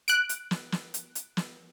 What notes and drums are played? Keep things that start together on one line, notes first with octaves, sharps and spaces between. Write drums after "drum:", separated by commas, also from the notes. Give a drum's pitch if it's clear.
F#6 D7, drum: hi-hat
drum: hi-hat
drum: snare
drum: snare
drum: hi-hat
drum: hi-hat
drum: snare